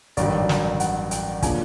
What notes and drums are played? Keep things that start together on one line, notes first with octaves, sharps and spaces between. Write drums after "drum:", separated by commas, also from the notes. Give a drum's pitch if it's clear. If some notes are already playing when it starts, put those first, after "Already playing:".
A1 G2 D#3 F#3 D5, drum: hi-hat
D5, drum: snare
F#5, drum: hi-hat
G5, drum: hi-hat
C#3 F3 A#3 D4 G#5, drum: kick, hi-hat